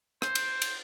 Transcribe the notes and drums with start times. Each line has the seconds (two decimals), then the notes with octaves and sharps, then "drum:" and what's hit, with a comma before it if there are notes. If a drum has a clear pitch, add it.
0.22 C5, drum: rim click
0.35 drum: cymbal
0.62 drum: cymbal